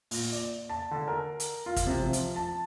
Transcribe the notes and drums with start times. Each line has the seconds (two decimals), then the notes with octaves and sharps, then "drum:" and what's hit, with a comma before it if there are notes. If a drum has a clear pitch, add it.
0.11 A#2, drum: open hi-hat
0.33 D5
0.69 A5
0.91 D3
1.08 A#4
1.40 drum: hi-hat
1.66 F4
1.76 drum: kick, hi-hat
1.87 C3
2.02 F3
2.13 drum: hi-hat
2.36 A5